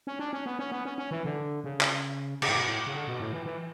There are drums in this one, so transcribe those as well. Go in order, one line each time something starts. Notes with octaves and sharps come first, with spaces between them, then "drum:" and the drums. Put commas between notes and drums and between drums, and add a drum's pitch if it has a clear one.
C#4
D4
C#4
B3
C#4
B3
C#4
C#4
E3
D3
C#3
drum: clap
C#3, drum: cymbal
A2
B2
A2
C#3
D3
B2
A2
E3
E3